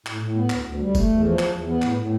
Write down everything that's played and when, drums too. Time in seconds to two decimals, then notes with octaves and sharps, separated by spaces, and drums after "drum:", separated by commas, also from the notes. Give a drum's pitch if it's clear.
0.06 A2, drum: clap
0.22 A2
0.36 B3
0.50 D2, drum: clap
0.65 D2
0.79 G3
0.95 A3, drum: kick, tambourine
1.09 E2
1.24 F3
1.39 E2, drum: clap
1.53 E2
1.68 B3
1.82 A2, drum: clap
1.97 A2